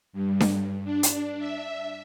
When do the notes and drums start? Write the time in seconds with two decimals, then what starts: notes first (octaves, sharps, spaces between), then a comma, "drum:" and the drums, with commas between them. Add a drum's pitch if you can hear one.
0.13 G2
0.40 drum: snare D4
0.85 D4
1.03 drum: hi-hat
1.39 E5